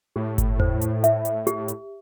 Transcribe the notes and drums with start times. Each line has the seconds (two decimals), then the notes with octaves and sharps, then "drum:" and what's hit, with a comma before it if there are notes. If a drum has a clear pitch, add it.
0.16 A2 G4
0.38 drum: kick G1, hi-hat
0.60 C5, drum: tom E2
0.81 drum: hi-hat
1.04 E5, drum: hi-hat
1.25 drum: hi-hat
1.47 G4, drum: hi-hat
1.68 drum: hi-hat